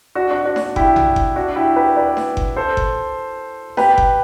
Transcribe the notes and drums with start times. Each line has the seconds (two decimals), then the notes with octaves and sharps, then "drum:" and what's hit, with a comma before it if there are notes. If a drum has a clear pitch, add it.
0.15 D4 F#4
0.31 D4 F#4
0.45 D4 F#4
0.56 drum: snare D#4
0.76 E4 G4, drum: kick G1
0.96 drum: tom A#1
1.16 drum: kick G1
1.36 D4 F#4
1.56 E4 G4
1.76 G4 B4
1.97 B4 D5
2.17 drum: snare D#4
2.37 drum: kick G1
2.57 A4 C5
2.77 drum: kick G1
3.77 G4 B4, drum: snare D#4
3.98 drum: kick G1